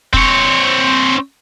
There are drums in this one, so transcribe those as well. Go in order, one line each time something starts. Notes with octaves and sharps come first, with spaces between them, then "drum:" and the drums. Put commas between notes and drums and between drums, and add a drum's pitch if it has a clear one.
C4 C#5, drum: kick